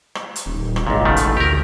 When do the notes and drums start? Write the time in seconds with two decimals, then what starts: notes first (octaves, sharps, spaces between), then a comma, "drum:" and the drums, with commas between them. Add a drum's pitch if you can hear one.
0.15 drum: rim click
0.36 drum: hi-hat
0.46 D#1
0.76 drum: rim click
0.87 G#1 C#2 A#2
1.05 A1 B2 D#3 A3
1.17 drum: hi-hat
1.37 D2 G4 A#4